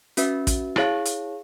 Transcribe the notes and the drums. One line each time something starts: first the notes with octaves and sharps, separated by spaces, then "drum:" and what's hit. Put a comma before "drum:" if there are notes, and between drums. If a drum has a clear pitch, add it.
C#4 F#4 B4 E5, drum: hi-hat
drum: kick, hi-hat
E4 G#4 C#5 F5, drum: rim click
drum: hi-hat